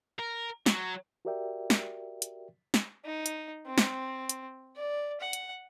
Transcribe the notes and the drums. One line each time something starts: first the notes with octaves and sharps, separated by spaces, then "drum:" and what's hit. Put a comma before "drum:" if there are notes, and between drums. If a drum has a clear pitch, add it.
A#4
F#3, drum: snare
F#4 G4 A#4 D5 E5 G5
drum: snare
drum: hi-hat
drum: snare
D#4
drum: hi-hat
C4
drum: snare
drum: hi-hat
D5
F#5
drum: hi-hat